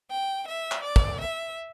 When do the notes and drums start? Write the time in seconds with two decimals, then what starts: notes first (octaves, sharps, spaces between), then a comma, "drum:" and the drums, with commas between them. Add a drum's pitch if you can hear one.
0.10 G5
0.47 E5
0.71 drum: clap
0.84 D5
0.96 drum: kick
1.20 E5